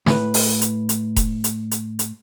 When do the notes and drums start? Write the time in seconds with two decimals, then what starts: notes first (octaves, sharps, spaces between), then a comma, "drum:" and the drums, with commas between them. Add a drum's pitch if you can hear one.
0.06 A2 B4, drum: snare
0.34 drum: open hi-hat
0.61 drum: hi-hat
0.89 drum: hi-hat
1.16 drum: kick E1, hi-hat
1.44 drum: hi-hat
1.71 drum: hi-hat
1.99 drum: hi-hat